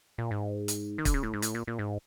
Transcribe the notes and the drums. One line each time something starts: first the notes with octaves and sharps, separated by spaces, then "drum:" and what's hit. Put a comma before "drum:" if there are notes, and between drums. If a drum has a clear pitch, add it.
A#2
G#2
drum: hi-hat
D#3
D3, drum: kick, hi-hat
C#3
A2
G#2
A2, drum: hi-hat
A#2
A#2
G#2